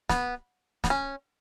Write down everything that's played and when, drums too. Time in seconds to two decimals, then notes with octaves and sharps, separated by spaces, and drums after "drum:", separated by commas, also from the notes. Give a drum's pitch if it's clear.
0.09 B3, drum: snare
0.84 B3, drum: snare
0.90 C#4